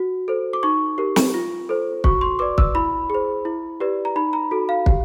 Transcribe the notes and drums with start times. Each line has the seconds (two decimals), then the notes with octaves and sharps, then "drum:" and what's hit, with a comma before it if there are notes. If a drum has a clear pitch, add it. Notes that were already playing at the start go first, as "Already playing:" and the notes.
Already playing: F#4
0.28 A4 C5
0.53 D6
0.63 D#4 C#6
0.98 G4 A#4
1.16 drum: snare
1.34 F4
1.69 A4 C5
2.04 F#4 C#6, drum: kick
2.21 C6
2.39 B4 D5 D6
2.58 E6, drum: kick
2.75 E4 B5
3.10 G#4 C5
3.45 E4
3.80 G4 B4 D5
4.05 A#5
4.16 D#4 B5
4.33 A#5
4.51 F#4 A4
4.69 F5
4.86 G4, drum: kick